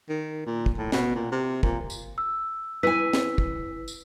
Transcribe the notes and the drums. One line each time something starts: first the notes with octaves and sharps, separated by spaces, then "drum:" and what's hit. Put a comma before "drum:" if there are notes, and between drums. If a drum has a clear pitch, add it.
D#3
A#2
drum: kick
A2
B2, drum: snare
A#2
C3
A#2, drum: kick
drum: tambourine
E6
E4 B4 G#5 E6 B6
drum: snare
drum: kick
drum: tambourine